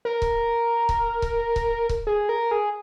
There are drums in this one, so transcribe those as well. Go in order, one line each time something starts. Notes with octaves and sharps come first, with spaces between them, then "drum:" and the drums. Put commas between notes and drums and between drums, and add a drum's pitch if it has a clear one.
A#4
drum: kick C#1
drum: kick C#1
drum: kick C#1
drum: kick C#1
drum: kick C#1
G#4
A#4
G#4